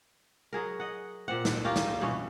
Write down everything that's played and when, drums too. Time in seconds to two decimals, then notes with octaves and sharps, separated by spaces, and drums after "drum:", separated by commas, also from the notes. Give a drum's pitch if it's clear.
0.53 F#3 G#4 A#4
0.80 D#5 F#5
1.28 A#2 C4 F#5
1.45 drum: snare
1.64 C#4 F4 G4 A#4
1.76 drum: snare
2.01 G2 B2 E3 C#4